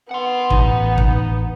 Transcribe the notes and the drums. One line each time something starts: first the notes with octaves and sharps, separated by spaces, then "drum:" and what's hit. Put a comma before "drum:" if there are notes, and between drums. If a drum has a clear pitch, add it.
B3 F#5 C6
A1 D#4, drum: kick
drum: kick